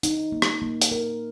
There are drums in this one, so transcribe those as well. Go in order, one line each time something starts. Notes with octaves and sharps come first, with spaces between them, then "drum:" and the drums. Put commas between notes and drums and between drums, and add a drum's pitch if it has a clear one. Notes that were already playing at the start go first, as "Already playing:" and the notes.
D#4, drum: hi-hat
A#3
drum: rim click
A#3
drum: hi-hat
A#4